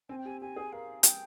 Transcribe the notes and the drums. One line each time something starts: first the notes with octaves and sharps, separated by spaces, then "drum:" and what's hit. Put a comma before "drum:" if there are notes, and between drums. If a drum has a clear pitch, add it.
C4 G#5
G5
G4 G#5
G4 G#5
G#4
A#4 F5
G5, drum: hi-hat